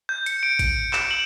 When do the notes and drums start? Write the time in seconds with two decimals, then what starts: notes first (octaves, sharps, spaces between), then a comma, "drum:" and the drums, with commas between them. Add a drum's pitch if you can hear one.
0.09 G6
0.26 C#7, drum: hi-hat
0.43 D7
0.59 D7, drum: kick G#1, hi-hat
0.93 E7, drum: clap
1.11 F#7